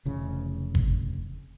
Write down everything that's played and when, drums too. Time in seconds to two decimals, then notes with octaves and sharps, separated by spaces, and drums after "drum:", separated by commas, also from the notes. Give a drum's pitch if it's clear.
0.05 F1 C#3 E3
0.75 drum: kick G1